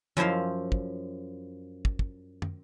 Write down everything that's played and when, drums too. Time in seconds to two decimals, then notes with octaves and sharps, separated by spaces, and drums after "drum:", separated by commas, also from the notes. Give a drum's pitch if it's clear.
0.17 F#2 F3 E4 C5 F5, drum: tom
0.72 drum: kick
1.85 drum: kick
1.99 drum: kick
2.42 drum: tom